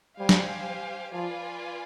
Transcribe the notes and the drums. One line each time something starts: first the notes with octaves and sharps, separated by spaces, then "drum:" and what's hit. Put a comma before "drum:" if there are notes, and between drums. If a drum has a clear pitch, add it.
G3 G4 C5 F5 G#5
drum: snare
F3 F4 B4 D5 F5 G#5